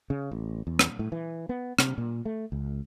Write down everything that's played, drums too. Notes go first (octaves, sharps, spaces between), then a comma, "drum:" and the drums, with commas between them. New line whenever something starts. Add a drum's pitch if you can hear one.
C#3
A1
E2
drum: rim click
A2
E3
B3
C3, drum: rim click
A#2
A3
C#2